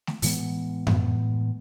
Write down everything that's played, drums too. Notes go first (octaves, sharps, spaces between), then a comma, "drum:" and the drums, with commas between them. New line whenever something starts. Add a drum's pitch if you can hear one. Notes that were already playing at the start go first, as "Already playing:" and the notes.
drum: snare A3
A2 E3 G#3 B3, drum: open hi-hat
A2 E3 G#3 B3, drum: tom F#2